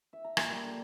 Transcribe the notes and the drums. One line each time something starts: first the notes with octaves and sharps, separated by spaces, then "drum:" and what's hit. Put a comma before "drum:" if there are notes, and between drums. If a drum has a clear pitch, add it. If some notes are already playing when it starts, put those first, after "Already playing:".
E5
A#5
A#2, drum: rim click
G3
D3